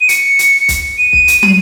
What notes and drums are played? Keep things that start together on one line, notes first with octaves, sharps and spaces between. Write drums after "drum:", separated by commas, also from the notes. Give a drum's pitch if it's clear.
D#7
C#7, drum: hi-hat
drum: hi-hat
drum: kick, hi-hat
D#7
drum: kick
drum: hi-hat
drum: tom